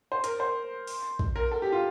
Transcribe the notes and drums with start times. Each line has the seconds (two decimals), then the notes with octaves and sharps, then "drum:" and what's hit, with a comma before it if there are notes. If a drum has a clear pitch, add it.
0.12 C5
0.24 A#4, drum: hi-hat
0.40 C5
0.87 drum: open hi-hat
1.19 drum: kick A#1
1.36 A#4
1.52 A4
1.62 G4
1.72 F4